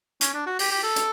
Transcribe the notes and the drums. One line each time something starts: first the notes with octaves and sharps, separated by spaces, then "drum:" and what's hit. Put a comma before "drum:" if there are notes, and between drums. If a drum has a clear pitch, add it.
C#4, drum: hi-hat
D4
F#4
G4, drum: open hi-hat
G4
A4
drum: hi-hat